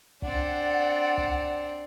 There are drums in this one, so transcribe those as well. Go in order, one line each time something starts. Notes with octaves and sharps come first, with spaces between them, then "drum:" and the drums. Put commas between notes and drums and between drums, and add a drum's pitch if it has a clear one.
C4 D4 D5 F#5, drum: kick
drum: kick